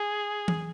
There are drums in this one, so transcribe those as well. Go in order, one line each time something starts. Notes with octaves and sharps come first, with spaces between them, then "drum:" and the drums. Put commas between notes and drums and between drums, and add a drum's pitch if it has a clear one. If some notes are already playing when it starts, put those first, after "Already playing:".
Already playing: G#4
drum: tom E3